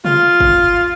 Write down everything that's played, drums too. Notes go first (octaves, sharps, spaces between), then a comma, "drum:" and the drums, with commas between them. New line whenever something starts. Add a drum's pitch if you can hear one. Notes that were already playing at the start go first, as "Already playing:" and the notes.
F4, drum: tom C3
drum: kick